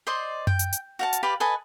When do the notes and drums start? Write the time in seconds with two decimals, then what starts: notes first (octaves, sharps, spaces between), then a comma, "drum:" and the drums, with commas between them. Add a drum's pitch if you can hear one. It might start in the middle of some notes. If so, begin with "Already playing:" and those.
0.07 C5 D5 D#5 C6
0.47 G5, drum: tom F#2
0.59 drum: hi-hat
0.73 drum: hi-hat
0.99 F#4 F5 A5
1.13 drum: hi-hat
1.23 G4 B4 D5 F5
1.40 A4 B4 D#5 G#5